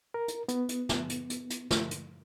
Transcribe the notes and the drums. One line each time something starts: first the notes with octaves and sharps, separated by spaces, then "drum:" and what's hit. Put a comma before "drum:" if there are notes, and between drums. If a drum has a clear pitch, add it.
A#4
drum: hi-hat
B3, drum: hi-hat
drum: hi-hat
drum: snare
drum: hi-hat
drum: hi-hat
drum: hi-hat
drum: snare
drum: hi-hat